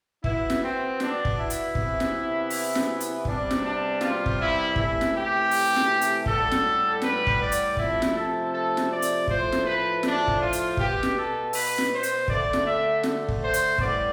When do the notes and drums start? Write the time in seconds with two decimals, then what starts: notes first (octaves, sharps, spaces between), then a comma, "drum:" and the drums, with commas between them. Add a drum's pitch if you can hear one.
0.24 B2 B3 E4, drum: kick
0.50 drum: snare
0.62 C4
1.00 D4, drum: snare
1.25 drum: kick
1.38 E4
1.50 drum: hi-hat
1.75 C3 E3 B3, drum: kick
2.00 drum: snare
2.50 drum: open hi-hat
2.75 drum: snare
3.00 drum: hi-hat
3.25 C3 G3 B3 D4, drum: kick
3.51 drum: snare
3.64 D4
4.01 F4, drum: snare
4.26 drum: kick
4.39 E4
4.76 C3 E3 A3 E4, drum: kick
5.01 drum: snare
5.14 G4
5.51 drum: open hi-hat
5.76 drum: snare
6.01 drum: hi-hat
6.26 A2 G3 B3 A4, drum: kick
6.51 drum: snare
7.02 B4, drum: snare
7.27 drum: kick
7.39 D5
7.52 drum: hi-hat
7.77 C3 F3 A3 E4, drum: kick
8.02 drum: snare
8.15 A4
8.52 A4
8.77 drum: snare
8.90 D5
9.02 drum: hi-hat
9.27 A2 F3 A3 C5, drum: kick
9.52 drum: snare
9.65 B4
10.03 D4, drum: snare
10.28 drum: kick
10.40 F4
10.53 drum: hi-hat
10.77 B2 B3 G4, drum: kick
11.03 drum: snare
11.16 A4
11.53 B4, drum: open hi-hat
11.78 drum: snare
11.91 C5
12.03 drum: hi-hat
12.28 D3 A3 D5, drum: kick
12.53 drum: snare
12.65 E5
13.03 drum: snare
13.28 drum: kick
13.41 C5
13.54 drum: hi-hat
13.78 A2 G3 B3 D5, drum: kick